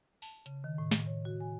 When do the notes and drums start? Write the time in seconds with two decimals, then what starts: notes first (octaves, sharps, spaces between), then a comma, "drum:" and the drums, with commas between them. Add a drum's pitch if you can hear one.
0.22 A5, drum: open hi-hat
0.46 C#3, drum: hi-hat
0.64 D#3
0.78 A2
0.91 drum: snare
1.06 C#5
1.25 F#4
1.40 G#5